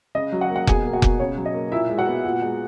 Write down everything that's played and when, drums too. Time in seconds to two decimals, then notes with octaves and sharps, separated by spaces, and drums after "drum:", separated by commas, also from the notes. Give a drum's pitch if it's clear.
0.15 C#3 D#5
0.32 F#3
0.41 F#4 F#5
0.50 A#3
0.56 F#5
0.67 B2 G#4 G#5, drum: kick F1
0.85 A#3
0.93 F#4 F#5
1.02 B2, drum: kick F1
1.19 C#3 C#5
1.37 F#3
1.45 D#5
1.54 A#3
1.72 A#2 E4 E5
1.90 G#3
1.98 F#4 F#5
2.07 B3
2.25 A#2
2.42 G#3